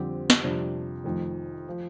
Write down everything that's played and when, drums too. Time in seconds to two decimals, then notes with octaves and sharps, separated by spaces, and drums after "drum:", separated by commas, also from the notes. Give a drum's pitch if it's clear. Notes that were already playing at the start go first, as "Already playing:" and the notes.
Already playing: F2 D3 G3 C4 G4
0.30 drum: snare
0.43 F2 C3 G3 D4
1.04 F1 F2 D#3
1.69 F3